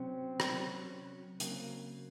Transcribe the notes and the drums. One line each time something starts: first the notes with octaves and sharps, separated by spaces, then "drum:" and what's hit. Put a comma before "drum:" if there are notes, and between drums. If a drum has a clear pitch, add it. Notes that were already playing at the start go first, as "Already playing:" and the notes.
Already playing: C3 F#3 C4 C#4
drum: rim click
C3 F#3 C#4
C#3 F#3 A#3 C4, drum: hi-hat